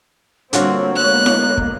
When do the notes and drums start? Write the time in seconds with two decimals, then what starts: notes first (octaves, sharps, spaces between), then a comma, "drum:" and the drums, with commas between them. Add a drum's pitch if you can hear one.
0.53 D3 G3 A#3 C4 F4 F#4 C#5, drum: hi-hat
0.96 G#3 A#3 B3 F#6
1.26 drum: snare E4
1.57 drum: kick